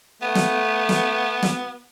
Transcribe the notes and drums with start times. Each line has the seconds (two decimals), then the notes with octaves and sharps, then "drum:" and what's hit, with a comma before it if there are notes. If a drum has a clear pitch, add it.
0.22 A3 B3
0.35 drum: snare
0.89 drum: snare
1.42 drum: snare